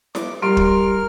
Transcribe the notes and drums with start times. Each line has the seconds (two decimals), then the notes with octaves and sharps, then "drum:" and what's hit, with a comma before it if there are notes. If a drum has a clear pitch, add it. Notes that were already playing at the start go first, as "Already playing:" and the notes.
0.15 D6, drum: snare E4
0.42 G3 A#4 C6 F6 D7
0.57 drum: kick